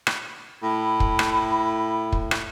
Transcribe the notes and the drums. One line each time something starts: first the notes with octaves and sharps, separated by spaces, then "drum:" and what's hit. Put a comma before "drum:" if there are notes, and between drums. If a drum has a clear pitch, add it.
drum: rim click
A2 B5
drum: kick
drum: rim click
drum: kick
drum: rim click